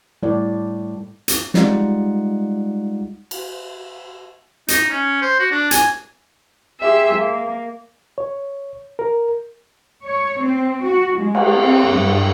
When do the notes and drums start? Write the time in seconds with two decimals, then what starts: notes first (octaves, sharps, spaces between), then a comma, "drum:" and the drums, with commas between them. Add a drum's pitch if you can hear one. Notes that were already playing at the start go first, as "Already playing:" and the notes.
0.23 A2 G3 D5
1.28 drum: hi-hat
1.54 G3 G#3 D#4 F4 D5 F#5, drum: snare
3.31 drum: cymbal
4.68 D#4, drum: hi-hat
4.90 C#4
5.22 C5
5.39 F#4
5.51 D4
5.71 G#5, drum: hi-hat
6.80 G4 G#4 E5 C6
7.13 A#3
8.18 C#5
8.99 A#4
10.06 C#5
10.43 C4
10.86 F#4
11.21 G#3
11.35 drum: cymbal
11.59 C4
11.94 G2